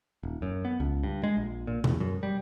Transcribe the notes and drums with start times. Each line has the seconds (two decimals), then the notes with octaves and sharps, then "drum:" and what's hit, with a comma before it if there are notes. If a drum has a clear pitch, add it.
0.23 D#1
0.42 F#2
0.65 B3
0.80 C#2
1.03 G2
1.24 G#3
1.37 A#1
1.67 A#2
1.84 E2, drum: tom B2
2.00 F#2
2.23 G3